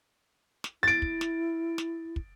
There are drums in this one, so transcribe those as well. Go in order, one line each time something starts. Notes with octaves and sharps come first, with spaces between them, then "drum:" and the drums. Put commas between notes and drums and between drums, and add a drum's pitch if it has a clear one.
drum: snare
E4 A6 D7
drum: kick
drum: snare
drum: snare
drum: kick